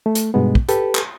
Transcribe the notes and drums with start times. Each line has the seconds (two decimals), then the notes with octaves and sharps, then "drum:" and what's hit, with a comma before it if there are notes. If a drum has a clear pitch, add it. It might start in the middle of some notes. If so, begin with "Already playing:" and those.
0.06 A3
0.15 drum: hi-hat
0.34 G2 B2 G#3 B3
0.55 drum: kick
0.69 G4 A4 B4, drum: hi-hat
0.95 drum: clap